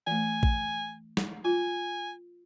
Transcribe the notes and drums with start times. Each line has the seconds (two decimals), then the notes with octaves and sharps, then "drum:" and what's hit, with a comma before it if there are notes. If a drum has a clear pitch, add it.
0.07 E3 A3 G#5
0.43 drum: kick A1
1.17 drum: snare
1.45 F4 G#5